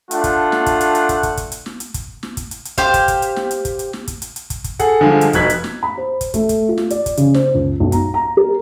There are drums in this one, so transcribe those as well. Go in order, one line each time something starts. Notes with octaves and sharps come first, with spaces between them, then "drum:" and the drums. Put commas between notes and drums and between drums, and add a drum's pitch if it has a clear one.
A3 D4 F4 F#5, drum: hi-hat
drum: kick, hi-hat
drum: snare
drum: kick, hi-hat
drum: hi-hat
drum: hi-hat
drum: kick, hi-hat
drum: kick, hi-hat
drum: kick, hi-hat
drum: hi-hat
drum: snare
drum: hi-hat
drum: kick, hi-hat
drum: snare
drum: kick, hi-hat
drum: hi-hat
drum: hi-hat
G4 C5 F5, drum: kick, hi-hat
drum: kick, hi-hat
drum: kick, hi-hat
drum: hi-hat
drum: snare
drum: hi-hat
drum: kick, hi-hat
drum: hi-hat
drum: snare
drum: kick, hi-hat
drum: hi-hat
drum: hi-hat
drum: kick, hi-hat
drum: kick, hi-hat
G#4 A4 F#5, drum: kick, hi-hat
G2 D3 F3 G#3
drum: hi-hat
F1 F2 B2 F#6 G#6 B6, drum: kick, hi-hat
drum: hi-hat
drum: snare
B5
C5
drum: kick, hi-hat
A3, drum: kick, hi-hat
drum: kick, hi-hat
F4
drum: snare
D5, drum: hi-hat
drum: kick, hi-hat
C#3, drum: hi-hat
C5, drum: snare
C#2
B1
A#5, drum: kick, hi-hat
A#5
A#4